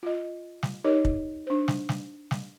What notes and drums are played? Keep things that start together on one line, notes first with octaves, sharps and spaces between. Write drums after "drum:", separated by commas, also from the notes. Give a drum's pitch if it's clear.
F4 D#5
drum: snare
D#4 G4 A#4 C#5 D#5
drum: kick
D4 C5
drum: snare
drum: snare
drum: snare